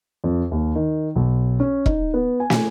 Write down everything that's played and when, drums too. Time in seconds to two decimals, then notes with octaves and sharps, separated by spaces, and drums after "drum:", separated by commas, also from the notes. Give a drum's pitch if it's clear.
0.24 F2
0.51 D#2
0.75 D#3
1.16 B1
1.60 C#4
1.86 D#4, drum: kick E1
2.14 B3
2.40 G#5
2.50 drum: snare